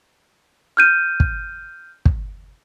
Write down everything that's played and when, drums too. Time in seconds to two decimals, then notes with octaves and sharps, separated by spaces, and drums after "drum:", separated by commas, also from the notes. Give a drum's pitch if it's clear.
0.77 F6 G6 D#7
1.20 drum: kick
2.05 drum: kick